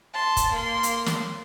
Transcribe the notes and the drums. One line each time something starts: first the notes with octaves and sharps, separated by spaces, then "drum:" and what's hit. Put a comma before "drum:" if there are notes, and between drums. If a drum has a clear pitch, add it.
A5 C6
drum: kick, hi-hat
A#3 C6
drum: hi-hat
drum: snare